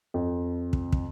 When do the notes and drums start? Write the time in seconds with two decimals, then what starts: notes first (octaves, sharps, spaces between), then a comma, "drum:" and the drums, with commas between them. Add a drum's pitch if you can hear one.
0.14 F2
0.73 drum: kick
0.92 drum: kick